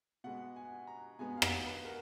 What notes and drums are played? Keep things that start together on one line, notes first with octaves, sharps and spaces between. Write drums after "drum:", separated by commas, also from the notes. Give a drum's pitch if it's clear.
B2 G#3 B3 F#5
G#5
A#5
B2 G#3 B3 G#5
F5
F#5, drum: rim click
B4
A#4